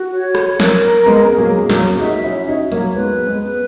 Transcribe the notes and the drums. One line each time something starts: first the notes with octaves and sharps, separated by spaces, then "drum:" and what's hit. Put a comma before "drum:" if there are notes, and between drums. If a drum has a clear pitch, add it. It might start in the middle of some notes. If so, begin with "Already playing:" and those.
Already playing: F#4
C#5
drum: rim click
A#4, drum: snare
G#3 B3 G#4
F#3 A#3
G#4
F#3 A#3, drum: snare
D#4 F#4 E5
C#4 E4
D#4 F#4 C#5
F#3 A#3, drum: hi-hat
G#3 B3 B4
G#3 B3
B4